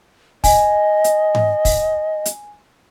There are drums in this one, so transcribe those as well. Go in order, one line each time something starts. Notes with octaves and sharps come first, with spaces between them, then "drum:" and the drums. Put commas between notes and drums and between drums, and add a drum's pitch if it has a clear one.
D#5 G#5, drum: kick, open hi-hat
drum: hi-hat
drum: tom G#2
drum: kick, open hi-hat
drum: hi-hat